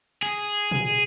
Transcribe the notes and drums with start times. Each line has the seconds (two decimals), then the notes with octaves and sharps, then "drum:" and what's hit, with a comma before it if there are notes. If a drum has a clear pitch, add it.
0.23 G#4
0.71 drum: tom A#2